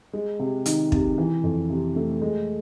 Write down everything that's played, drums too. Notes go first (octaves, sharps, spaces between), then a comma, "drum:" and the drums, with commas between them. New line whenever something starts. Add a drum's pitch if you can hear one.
G#3
C3
D#3, drum: hi-hat
C3, drum: kick
E3
F2
C3
A3
G#3